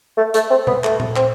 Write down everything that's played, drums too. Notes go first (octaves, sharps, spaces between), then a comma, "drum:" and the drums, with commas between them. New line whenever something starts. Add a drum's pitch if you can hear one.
A3
A3, drum: hi-hat
C4
B3, drum: tom B2
A3, drum: clap
drum: tom A#2
C4, drum: clap